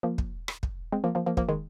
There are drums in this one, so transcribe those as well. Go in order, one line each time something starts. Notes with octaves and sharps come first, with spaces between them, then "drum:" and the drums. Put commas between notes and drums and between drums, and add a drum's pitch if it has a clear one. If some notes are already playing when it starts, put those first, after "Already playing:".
F3 A#3
drum: kick
drum: rim click
drum: kick
G#3 C4
F3 A#3
F3 A#3
F3 A#3
F3 A#3, drum: kick
D#3 G#3